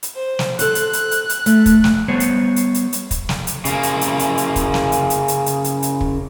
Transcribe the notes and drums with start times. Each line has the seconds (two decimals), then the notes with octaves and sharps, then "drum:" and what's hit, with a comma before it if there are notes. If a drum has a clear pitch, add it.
0.03 drum: hi-hat
0.16 C5
0.39 drum: snare
0.59 A4 C5 F#6, drum: hi-hat
0.75 drum: hi-hat
0.93 drum: hi-hat
1.11 drum: hi-hat
1.29 drum: hi-hat
1.46 A3, drum: hi-hat
1.66 drum: kick, hi-hat
1.84 drum: snare
2.08 G3 B3 C5 C#5
2.20 drum: hi-hat
2.56 drum: hi-hat
2.74 drum: hi-hat
2.93 drum: hi-hat
3.11 drum: kick, hi-hat
3.29 drum: snare
3.47 drum: hi-hat
3.65 C#3 A#3, drum: hi-hat
3.83 drum: hi-hat
4.01 drum: hi-hat
4.19 drum: hi-hat
4.38 drum: hi-hat
4.56 drum: kick, hi-hat
4.74 drum: snare
4.92 drum: hi-hat
5.10 drum: hi-hat
5.28 drum: hi-hat
5.46 drum: hi-hat
5.64 drum: hi-hat
5.83 drum: hi-hat
6.01 drum: kick